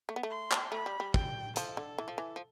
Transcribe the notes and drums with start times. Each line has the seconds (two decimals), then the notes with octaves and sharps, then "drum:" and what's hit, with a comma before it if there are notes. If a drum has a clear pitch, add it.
0.09 A3
0.16 B3
0.23 A3
0.30 C6
0.51 drum: clap
0.72 A3 B5
0.86 G3
1.00 G3
1.14 G5, drum: kick
1.56 F3 A4, drum: hi-hat
1.77 D3
1.98 E3
2.08 F3
2.18 E3
2.36 F3